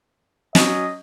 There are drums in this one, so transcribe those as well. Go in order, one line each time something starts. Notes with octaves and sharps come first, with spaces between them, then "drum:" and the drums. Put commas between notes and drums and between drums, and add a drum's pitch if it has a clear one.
F#3 C#4 D#5, drum: snare